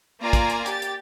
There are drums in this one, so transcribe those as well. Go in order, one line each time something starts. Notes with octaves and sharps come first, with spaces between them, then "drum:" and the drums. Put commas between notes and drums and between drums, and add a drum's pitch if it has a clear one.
A#3 F4 D5 G#5 A#5
drum: kick, hi-hat
drum: hi-hat
G4 A6, drum: hi-hat
drum: hi-hat